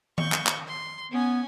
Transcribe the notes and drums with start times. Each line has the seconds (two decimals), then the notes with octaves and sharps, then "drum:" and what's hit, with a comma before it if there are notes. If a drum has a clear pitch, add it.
0.18 C#6 G6, drum: tom D#3
0.32 drum: clap
0.47 drum: clap
0.67 C6
1.12 B3 C#4 G#5